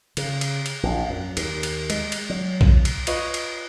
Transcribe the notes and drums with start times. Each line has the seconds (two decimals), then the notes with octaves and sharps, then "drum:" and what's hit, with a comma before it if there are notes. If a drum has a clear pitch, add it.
0.17 C#3, drum: cymbal
0.41 drum: cymbal
0.66 drum: cymbal
0.83 A#1
1.10 F#2
1.37 D#2, drum: cymbal
1.63 drum: cymbal
1.90 G#3, drum: cymbal
2.12 drum: cymbal
2.30 F#3
2.61 drum: kick
2.85 drum: cymbal
3.07 F4 B4 C#5 D#5, drum: cymbal
3.34 drum: cymbal